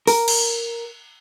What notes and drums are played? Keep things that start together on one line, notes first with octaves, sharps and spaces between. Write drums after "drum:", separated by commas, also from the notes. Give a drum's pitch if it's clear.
A#4, drum: open hi-hat
drum: cymbal